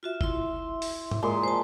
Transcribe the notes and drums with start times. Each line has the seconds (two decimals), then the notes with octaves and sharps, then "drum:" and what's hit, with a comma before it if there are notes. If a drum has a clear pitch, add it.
0.03 F4 F#4 E5
0.21 E4 E5 C6, drum: kick F#1
0.82 drum: open hi-hat
1.11 drum: tom G#2
1.23 A#2 G#3 C6
1.44 C5 A5